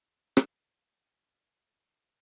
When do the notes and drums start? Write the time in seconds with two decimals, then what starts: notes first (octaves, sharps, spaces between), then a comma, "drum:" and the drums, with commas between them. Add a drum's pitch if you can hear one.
0.37 drum: rim click
0.76 B2 F3 C5 A#5
1.50 A#4 C#6